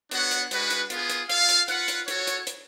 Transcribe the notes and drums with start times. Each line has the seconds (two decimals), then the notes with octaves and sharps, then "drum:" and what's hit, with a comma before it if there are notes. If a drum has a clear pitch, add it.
0.11 B3 D4 F#4 C#5 F#5, drum: hi-hat
0.31 drum: hi-hat
0.51 G#3 D4 F#4 B4, drum: hi-hat
0.70 drum: hi-hat
0.90 B3 F4 G#4, drum: hi-hat
1.10 drum: hi-hat
1.29 F4 A4 F5, drum: hi-hat
1.49 drum: hi-hat
1.68 F4 B4 F#5, drum: hi-hat
1.88 drum: hi-hat
2.08 F#4 A4 C#5, drum: hi-hat
2.27 drum: hi-hat
2.47 drum: hi-hat